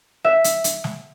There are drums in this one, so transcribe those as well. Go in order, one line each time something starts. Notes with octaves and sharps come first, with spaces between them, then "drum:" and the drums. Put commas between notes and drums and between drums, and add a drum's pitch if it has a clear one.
E5
drum: hi-hat
drum: hi-hat
drum: snare